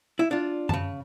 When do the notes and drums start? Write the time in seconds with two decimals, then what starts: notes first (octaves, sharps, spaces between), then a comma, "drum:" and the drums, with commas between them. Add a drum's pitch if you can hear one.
0.19 E4
0.31 D4 F4
0.69 C#3 A5, drum: tom F#2